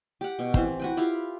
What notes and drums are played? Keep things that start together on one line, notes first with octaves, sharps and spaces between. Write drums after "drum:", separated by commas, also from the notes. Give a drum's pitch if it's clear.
G4 F#5
B2
E3 C4 C5, drum: kick
F#4 B4 G5
E4 F4 G4 F5